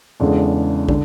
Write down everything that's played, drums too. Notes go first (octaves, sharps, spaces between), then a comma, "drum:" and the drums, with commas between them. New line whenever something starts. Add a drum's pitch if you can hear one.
E2 C#3 G#3 D4 A4
D3, drum: kick